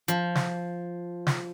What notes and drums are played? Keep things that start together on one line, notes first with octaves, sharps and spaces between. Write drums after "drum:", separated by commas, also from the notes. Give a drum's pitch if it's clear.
F3, drum: hi-hat
drum: snare
drum: snare